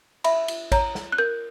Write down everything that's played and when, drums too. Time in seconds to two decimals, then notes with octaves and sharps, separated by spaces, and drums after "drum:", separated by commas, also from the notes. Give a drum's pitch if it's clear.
0.24 E5 B5, drum: cymbal
0.48 drum: cymbal
0.72 C#5 A#5, drum: kick A1, cymbal
0.95 drum: snare
1.12 F#6
1.18 A#4 G6